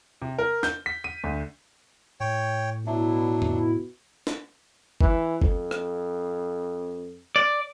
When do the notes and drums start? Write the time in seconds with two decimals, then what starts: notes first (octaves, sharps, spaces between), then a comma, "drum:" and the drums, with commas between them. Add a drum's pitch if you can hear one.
0.22 C3
0.38 A#4
0.63 G6, drum: snare
0.86 B6
1.04 D#7
1.24 D2
2.20 A2 C#5 G5
2.86 B2 F#3 D4 E4
3.42 drum: tom F2
4.27 drum: snare
5.01 E3, drum: kick G1
5.42 F2, drum: kick G1
5.71 drum: rim click
7.36 D5